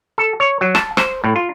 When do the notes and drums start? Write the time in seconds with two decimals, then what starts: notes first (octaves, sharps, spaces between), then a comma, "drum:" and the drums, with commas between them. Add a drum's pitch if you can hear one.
0.18 A4
0.40 C#5
0.61 F#3
0.75 A5, drum: rim click
0.97 C5, drum: rim click
1.24 A2
1.36 F4